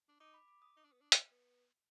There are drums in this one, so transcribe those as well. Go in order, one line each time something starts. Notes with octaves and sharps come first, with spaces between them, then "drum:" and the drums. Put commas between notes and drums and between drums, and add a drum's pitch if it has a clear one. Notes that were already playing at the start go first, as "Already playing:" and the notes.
D4
D#4 D6
B5
D6
D#6
D#4
D4
B3
D4
drum: hi-hat
B3